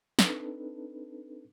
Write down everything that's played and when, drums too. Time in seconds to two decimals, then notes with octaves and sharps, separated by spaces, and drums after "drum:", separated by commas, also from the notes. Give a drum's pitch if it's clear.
0.19 C4 D4 D#4 A4 B4, drum: snare